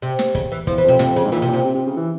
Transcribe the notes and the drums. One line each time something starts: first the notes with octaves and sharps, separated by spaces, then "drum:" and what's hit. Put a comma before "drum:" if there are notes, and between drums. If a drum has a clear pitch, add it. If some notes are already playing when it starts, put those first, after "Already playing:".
C3
drum: snare
C#3, drum: kick
E3
E2 F3, drum: kick
E3
F2
C3
F2 C3, drum: snare
C#3
G#2
A#2 E3
C3
A#2
C3
C3
C3
C#3
E3